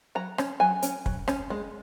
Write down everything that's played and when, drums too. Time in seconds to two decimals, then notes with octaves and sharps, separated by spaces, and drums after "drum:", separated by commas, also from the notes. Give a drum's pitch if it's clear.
0.15 F#3 A#5
0.38 C#4, drum: rim click
0.60 F#3 G#5
0.82 C#4, drum: hi-hat
1.06 F#3, drum: kick
1.28 C#4, drum: rim click
1.50 G#3